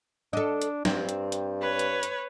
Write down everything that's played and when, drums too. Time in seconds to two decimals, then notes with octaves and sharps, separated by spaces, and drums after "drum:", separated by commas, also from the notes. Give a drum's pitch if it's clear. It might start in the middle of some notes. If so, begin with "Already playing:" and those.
0.33 D4 A4 D#5
0.62 drum: hi-hat
0.85 G2 C4, drum: snare
1.09 drum: hi-hat
1.32 drum: hi-hat
1.61 B4 C#5
1.79 drum: hi-hat
2.03 drum: hi-hat